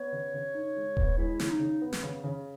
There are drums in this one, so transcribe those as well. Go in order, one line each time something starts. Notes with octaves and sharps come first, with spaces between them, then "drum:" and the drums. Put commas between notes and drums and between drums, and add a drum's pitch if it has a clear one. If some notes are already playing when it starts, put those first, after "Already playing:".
Already playing: B3 C#5
C#3
C#3
D#4
G#3
B3, drum: kick D#1
G#3 E4
C#3 E4, drum: snare
D#4
C#3
B3
drum: snare
C#3
C#3